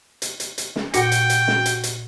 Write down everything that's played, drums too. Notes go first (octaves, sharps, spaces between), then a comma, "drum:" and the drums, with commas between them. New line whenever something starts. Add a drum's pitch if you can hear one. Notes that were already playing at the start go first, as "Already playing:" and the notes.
drum: hi-hat
drum: hi-hat
drum: hi-hat
drum: snare
A#2 F#4 G5 A#6 C#7, drum: hi-hat
drum: hi-hat
drum: hi-hat
drum: snare
drum: hi-hat
drum: hi-hat